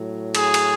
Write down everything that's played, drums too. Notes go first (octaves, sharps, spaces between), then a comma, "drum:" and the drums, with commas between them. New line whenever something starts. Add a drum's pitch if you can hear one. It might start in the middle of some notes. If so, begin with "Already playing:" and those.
Already playing: A2 F#3
G#4, drum: cymbal
drum: cymbal